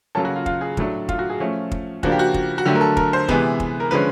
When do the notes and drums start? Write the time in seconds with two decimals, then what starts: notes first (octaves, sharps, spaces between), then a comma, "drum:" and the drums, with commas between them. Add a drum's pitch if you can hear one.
0.15 C#3 F#3 A#3 C#4 A4
0.25 F#4
0.36 F4
0.46 F4, drum: kick
0.61 G#4
0.77 A2 F#3 A3 D4, drum: kick
1.09 F4, drum: kick
1.19 F#4
1.30 G#4
1.40 F3 A3 C#4
1.71 drum: kick
2.03 C#3 F3 A#3 D4 F#4, drum: kick
2.12 G4
2.19 F#4
2.34 drum: kick
2.58 F#4
2.65 D3 F#3 A3 G4
2.75 A#4
2.81 A4
2.97 A#4, drum: kick
3.13 C5
3.28 C3 E3 G#3 B3 B4, drum: kick
3.60 drum: kick
3.80 A#4
3.91 D3 F3 G#3 C#4 B4